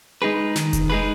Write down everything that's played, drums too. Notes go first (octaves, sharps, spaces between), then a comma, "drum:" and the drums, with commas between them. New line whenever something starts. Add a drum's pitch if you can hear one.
G#3 D#4 G#4 B4
D#3, drum: snare
drum: kick F1, hi-hat
G#3 D#4 G#4 B4